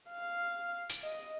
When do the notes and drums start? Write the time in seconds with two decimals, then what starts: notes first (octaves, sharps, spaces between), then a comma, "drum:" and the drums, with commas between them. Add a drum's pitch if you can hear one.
0.10 F5
0.89 drum: hi-hat
1.03 D#5